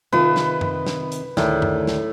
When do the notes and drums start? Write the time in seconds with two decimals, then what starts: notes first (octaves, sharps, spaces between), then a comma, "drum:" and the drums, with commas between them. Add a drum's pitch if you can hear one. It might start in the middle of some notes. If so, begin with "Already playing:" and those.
0.12 C3 D#3 F4 B4
0.36 drum: snare
0.61 drum: tom F#2
0.86 drum: snare
1.12 drum: hi-hat
1.37 D2 A2 D#3, drum: snare
1.62 drum: tom F#2
1.87 drum: snare